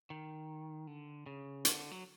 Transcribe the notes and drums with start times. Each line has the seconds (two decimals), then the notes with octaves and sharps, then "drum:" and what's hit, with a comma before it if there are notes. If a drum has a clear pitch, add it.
0.10 D#3
0.87 D3
1.26 C#3
1.65 D3, drum: hi-hat
1.91 F#3